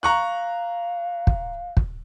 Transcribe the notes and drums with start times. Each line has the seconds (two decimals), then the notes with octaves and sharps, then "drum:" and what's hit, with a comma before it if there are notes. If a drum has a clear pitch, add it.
0.03 F5 A#5 C#6 F#6
1.27 drum: kick
1.77 drum: kick